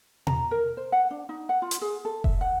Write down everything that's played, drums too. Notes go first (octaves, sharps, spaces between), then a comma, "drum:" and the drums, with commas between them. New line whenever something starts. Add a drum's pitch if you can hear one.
A#5, drum: tom B2
A#4
C5
F#5
D4
D#4
F#5
F4
drum: hi-hat
G#4
A4
E5, drum: kick F1
F#5